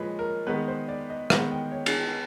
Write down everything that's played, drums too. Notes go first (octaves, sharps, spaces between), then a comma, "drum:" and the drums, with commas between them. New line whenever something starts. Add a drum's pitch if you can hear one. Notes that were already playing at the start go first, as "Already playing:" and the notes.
Already playing: A#2 F3 G#3 B4 C#5
A#4
D#3 G#3 B3 B4
C5
D5
D#5
D#3 G#3 B3 F#5, drum: rim click
G5
C#5
drum: cymbal